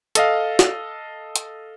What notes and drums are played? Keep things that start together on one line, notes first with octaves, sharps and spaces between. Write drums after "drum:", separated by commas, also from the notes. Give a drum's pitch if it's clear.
A4 D#5 F5, drum: hi-hat
drum: snare
drum: hi-hat